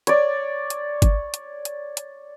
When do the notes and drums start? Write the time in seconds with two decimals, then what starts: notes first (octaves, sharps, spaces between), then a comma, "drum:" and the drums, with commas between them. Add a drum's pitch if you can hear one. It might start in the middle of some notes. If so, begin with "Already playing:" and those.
0.07 C#5 D5, drum: hi-hat
0.70 drum: hi-hat
1.02 drum: kick, hi-hat
1.34 drum: hi-hat
1.65 drum: hi-hat
1.97 drum: hi-hat